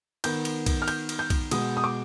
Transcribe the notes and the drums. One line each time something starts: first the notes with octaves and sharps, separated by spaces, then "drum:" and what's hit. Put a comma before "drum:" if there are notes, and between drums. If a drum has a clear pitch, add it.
D#3 B3 G6, drum: cymbal
drum: cymbal
drum: kick, cymbal
F6
G6, drum: cymbal
drum: cymbal
G6
drum: kick, cymbal
B2 G#3 B3 D#6, drum: cymbal
D#6
D6